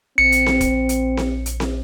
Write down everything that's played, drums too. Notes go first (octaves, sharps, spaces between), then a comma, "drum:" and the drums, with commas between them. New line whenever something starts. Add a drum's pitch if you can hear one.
A#1 C4 C#7
drum: hi-hat
drum: snare C4
drum: kick E1, hi-hat
drum: hi-hat
drum: snare C4
drum: hi-hat
drum: snare C4